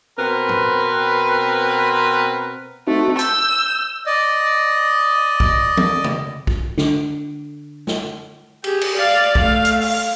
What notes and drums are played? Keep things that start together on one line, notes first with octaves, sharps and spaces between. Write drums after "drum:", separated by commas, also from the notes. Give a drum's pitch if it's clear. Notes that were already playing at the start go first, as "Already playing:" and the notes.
B2 C4 A#4 B4
drum: tom
A3 C4 D#4 F#4
E6 G6, drum: hi-hat
D5 D#5
drum: kick
drum: tom E3
drum: tom
drum: kick
D3, drum: snare
drum: snare
G4 G#4, drum: cymbal
drum: cymbal
D5 F5
A3 F5, drum: kick
drum: hi-hat
F5, drum: open hi-hat